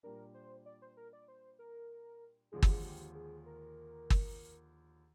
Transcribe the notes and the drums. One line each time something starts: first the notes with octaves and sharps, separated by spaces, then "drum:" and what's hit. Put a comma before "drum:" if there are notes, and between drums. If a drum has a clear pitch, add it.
A#2 G3 D4 A#4
C5
D5
C5
A#4
D5
C5
A#4
D#2 D3 F3 G#3 G#4
G4, drum: kick G1
G#4
G4
G#4
A#4
drum: kick G1